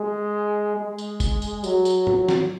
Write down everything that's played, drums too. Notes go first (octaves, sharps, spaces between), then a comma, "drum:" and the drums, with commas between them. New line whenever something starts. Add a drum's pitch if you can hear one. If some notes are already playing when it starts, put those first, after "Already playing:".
Already playing: G#3
G#3
drum: tambourine
drum: kick, tambourine
drum: tambourine
F#3, drum: tambourine
drum: tambourine
drum: tom G#2
drum: snare